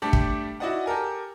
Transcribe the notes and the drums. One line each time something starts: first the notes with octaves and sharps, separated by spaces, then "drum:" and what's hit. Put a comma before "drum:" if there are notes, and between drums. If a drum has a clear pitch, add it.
G3 A3 D4 G4
drum: kick
E4 F#4 D5 D#5 F#5
G4 A4 A#4 G#5